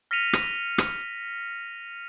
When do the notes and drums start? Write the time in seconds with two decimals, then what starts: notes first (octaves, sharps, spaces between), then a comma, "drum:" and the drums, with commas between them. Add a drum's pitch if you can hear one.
0.11 F6 A#6 B6 C#7 D#7 F7
0.33 drum: rim click
0.78 drum: rim click